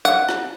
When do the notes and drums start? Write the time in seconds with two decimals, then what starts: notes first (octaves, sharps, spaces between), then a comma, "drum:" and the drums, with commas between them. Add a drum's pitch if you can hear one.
0.05 F#5, drum: hi-hat
0.29 drum: rim click